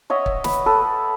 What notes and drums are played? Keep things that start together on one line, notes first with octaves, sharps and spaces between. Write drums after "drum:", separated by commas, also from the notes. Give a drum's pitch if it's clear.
C#5 D#5 E5 F#5
drum: kick
B4, drum: snare
A4 B4